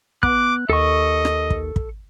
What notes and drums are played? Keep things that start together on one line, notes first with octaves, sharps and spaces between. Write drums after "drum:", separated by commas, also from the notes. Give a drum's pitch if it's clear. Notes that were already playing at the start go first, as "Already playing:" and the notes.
B3 D6 F#6, drum: kick
D#2 A4 D#5 C#6
drum: rim click
drum: kick
drum: kick